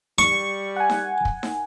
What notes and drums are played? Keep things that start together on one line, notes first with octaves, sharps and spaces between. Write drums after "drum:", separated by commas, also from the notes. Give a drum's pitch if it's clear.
G3 C#6, drum: snare D#4
F#5 G#5
drum: snare D#4
drum: kick
drum: snare D#4